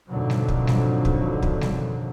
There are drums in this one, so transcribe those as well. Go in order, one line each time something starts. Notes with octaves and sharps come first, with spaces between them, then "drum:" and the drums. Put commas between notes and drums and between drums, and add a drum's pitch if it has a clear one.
F2 G#2 B2 D3 D#3 F#3
drum: snare G3
drum: kick
drum: snare G3
drum: kick
drum: kick
drum: snare G3